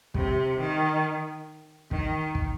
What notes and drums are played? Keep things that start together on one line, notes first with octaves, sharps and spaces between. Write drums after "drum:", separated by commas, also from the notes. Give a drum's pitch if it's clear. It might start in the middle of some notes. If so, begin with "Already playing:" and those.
C3, drum: kick
D#3
D#3, drum: kick
drum: kick